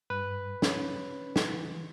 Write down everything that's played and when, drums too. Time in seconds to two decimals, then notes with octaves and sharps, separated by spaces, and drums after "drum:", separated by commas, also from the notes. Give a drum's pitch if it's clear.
0.10 G2 B4
0.62 C#4, drum: snare
1.36 drum: snare
1.53 E3